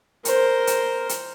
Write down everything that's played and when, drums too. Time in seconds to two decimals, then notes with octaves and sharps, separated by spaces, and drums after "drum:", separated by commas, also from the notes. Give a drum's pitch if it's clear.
0.25 A#4 C5, drum: hi-hat
0.67 drum: hi-hat
1.09 drum: hi-hat